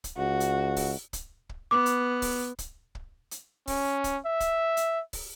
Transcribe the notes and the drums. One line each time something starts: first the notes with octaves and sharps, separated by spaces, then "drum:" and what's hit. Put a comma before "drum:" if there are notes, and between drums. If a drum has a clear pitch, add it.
drum: kick, hi-hat
C#2 F#4
drum: hi-hat
drum: kick, open hi-hat
drum: kick, hi-hat
drum: kick
B3 D6
drum: hi-hat
drum: kick, open hi-hat
drum: kick, hi-hat
drum: kick
drum: hi-hat
C#4, drum: kick, open hi-hat
drum: kick, hi-hat
E5
drum: kick, hi-hat
drum: hi-hat
drum: kick, open hi-hat